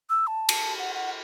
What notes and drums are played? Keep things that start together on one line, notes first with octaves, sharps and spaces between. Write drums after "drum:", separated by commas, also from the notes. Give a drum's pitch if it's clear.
E6
A5
drum: cymbal
F#5
F#5